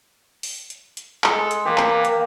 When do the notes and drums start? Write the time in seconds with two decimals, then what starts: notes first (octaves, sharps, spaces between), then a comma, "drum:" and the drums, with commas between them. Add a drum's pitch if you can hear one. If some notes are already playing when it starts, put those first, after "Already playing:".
0.43 drum: open hi-hat
0.70 drum: hi-hat
0.97 drum: hi-hat
1.24 G#3 A4, drum: clap
1.51 drum: hi-hat
1.65 E3 A#3 G4
1.78 drum: clap
2.05 drum: hi-hat